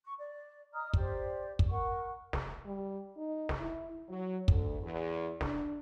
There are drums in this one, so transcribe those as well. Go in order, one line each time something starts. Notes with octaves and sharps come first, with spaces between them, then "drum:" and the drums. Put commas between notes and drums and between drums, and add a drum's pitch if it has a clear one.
C#6
D5
D#5 A#5 D#6 F6
G4 C5 D5, drum: kick
drum: kick
A#4 F#5 C#6
drum: snare
G3
D#4
drum: snare
E4
F#3
D2, drum: kick
E2
D4, drum: snare